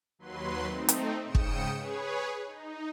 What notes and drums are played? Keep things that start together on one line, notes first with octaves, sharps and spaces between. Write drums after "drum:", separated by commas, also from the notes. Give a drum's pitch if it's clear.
D#2 F#3 B4 C6
A3 C4 D#4
drum: hi-hat
G#2 C#3 G5 D#6 C#7 E7
drum: kick
G#4 B4 C#5
D#4